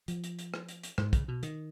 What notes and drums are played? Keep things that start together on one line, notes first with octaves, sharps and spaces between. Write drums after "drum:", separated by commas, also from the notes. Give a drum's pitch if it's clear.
F3, drum: hi-hat
drum: hi-hat
drum: hi-hat
drum: rim click
drum: hi-hat
drum: hi-hat
G#2, drum: rim click
C#3, drum: kick, hi-hat
B2
D#3, drum: hi-hat